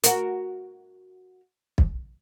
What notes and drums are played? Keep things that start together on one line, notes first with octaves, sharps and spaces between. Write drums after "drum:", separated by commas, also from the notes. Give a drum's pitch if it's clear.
F#4 A#4, drum: hi-hat
drum: kick